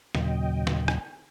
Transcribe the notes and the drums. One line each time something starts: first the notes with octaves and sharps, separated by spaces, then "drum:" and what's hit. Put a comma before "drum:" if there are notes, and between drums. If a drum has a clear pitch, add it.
D#2 A#2 C#3 F#3 D#5 G5, drum: snare
drum: snare
drum: rim click